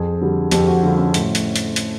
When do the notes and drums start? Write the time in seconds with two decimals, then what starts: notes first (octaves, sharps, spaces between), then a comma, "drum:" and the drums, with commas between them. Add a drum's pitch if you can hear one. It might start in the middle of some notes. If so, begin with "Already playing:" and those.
Already playing: F2 G#4
0.21 D3 G3
0.51 F2 G4, drum: hi-hat
0.67 F#4
0.83 D3 G3 F4
0.98 C#4
1.14 A2, drum: hi-hat
1.35 drum: hi-hat
1.56 drum: hi-hat
1.76 drum: hi-hat